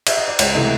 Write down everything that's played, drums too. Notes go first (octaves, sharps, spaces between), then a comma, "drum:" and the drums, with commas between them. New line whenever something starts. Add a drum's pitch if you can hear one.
E5, drum: cymbal
D#5
D5
C#2 C#5, drum: cymbal
C3 E3 A3 D#5